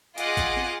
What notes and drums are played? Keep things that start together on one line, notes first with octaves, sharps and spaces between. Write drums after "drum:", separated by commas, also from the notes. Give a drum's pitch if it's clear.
F4 G#4 D#5 F#5 C6 D6, drum: hi-hat
drum: kick, hi-hat
drum: snare